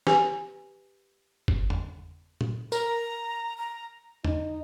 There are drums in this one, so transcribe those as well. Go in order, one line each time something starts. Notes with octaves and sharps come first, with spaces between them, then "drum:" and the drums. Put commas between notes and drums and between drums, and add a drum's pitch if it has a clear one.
G4 B4 G#5, drum: snare
drum: kick G1
drum: tom E2
drum: tom
A#4 A#5, drum: tambourine
A#5
D#4, drum: tom E2